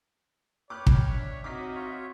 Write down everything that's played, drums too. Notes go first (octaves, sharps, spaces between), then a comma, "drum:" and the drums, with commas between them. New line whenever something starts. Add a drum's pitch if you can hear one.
G4 B4 C#5 D6 F6 F#6
drum: kick
D4 E5
C4 D#4 F#4 D#5 D6 F6 B6
F4 C#5 E5